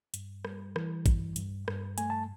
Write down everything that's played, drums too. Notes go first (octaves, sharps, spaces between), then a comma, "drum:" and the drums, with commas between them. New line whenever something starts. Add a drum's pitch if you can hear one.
G2, drum: hi-hat
G3, drum: rim click
E3, drum: rim click
G2, drum: kick, hi-hat
G2, drum: hi-hat
G2, drum: rim click
A3 G#5, drum: hi-hat
A5